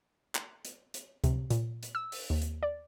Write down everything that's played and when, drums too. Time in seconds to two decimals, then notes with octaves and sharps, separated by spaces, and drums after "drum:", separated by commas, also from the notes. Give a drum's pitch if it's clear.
0.35 drum: clap
0.65 drum: hi-hat
0.94 drum: hi-hat
1.24 C3, drum: kick C#2, hi-hat
1.50 A#2, drum: hi-hat
1.83 drum: hi-hat
1.95 E6
2.12 drum: open hi-hat
2.30 D#2
2.42 drum: hi-hat
2.63 D5